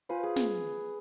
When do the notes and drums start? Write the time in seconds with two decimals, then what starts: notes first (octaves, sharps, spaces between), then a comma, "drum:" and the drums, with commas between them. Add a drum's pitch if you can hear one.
0.09 F4 B4 C5 F5 G#5
0.23 G#4
0.36 G#4, drum: snare